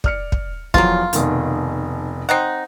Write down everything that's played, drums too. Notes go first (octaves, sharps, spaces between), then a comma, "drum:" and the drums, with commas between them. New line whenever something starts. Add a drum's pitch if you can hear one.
D5 F6 C#7, drum: kick
drum: kick
E2 F3 F#3 A#3 F4, drum: kick
F1 B2 D#3, drum: hi-hat
C4 D#4 F#5